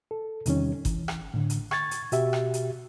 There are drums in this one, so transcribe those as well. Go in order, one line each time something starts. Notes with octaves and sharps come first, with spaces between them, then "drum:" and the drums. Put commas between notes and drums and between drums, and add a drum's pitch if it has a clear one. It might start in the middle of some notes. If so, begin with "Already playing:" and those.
A4
E2 C3 D#3 G3 C#4, drum: hi-hat
E3, drum: kick G1, hi-hat
drum: rim click
A2 D3
drum: hi-hat
C#6 G#6 A6, drum: rim click
drum: hi-hat
B2 F#4 G4 E5, drum: hi-hat
drum: rim click
drum: hi-hat